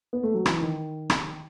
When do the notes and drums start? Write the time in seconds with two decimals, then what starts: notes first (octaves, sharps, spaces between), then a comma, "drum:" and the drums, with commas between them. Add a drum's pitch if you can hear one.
0.13 B3
0.23 A3
0.34 F#3
0.46 E3, drum: rim click
0.61 D#3
1.10 drum: rim click